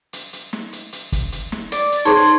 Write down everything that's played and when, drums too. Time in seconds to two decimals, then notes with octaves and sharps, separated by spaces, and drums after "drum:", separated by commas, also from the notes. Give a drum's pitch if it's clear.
0.13 drum: hi-hat
0.33 drum: hi-hat
0.53 drum: snare
0.73 drum: hi-hat
0.93 drum: hi-hat
1.12 drum: kick, hi-hat
1.32 drum: hi-hat
1.52 drum: snare
1.72 D5, drum: hi-hat
1.92 drum: hi-hat
2.05 D#4 G#4 C5 C#5 C6